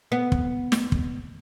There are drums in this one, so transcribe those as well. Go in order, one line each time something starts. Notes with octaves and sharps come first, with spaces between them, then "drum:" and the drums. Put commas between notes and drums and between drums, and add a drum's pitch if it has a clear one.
B3
drum: kick
drum: snare
drum: kick